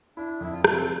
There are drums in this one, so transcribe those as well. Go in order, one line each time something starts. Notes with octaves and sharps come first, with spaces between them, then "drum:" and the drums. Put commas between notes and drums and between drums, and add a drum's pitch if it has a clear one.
D4 E4
F2 E4
F4
C3 F4, drum: rim click
A4